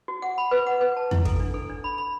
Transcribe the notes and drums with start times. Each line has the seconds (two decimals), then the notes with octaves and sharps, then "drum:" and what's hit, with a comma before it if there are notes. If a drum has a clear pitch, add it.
0.08 F#4
0.22 F#5
0.38 B5
0.51 B4
0.67 F#5
0.81 B4
0.97 A5
1.11 E4, drum: tom E2
1.25 A4, drum: kick
1.40 D4
1.54 A4
1.69 D4
1.84 B5
1.98 B5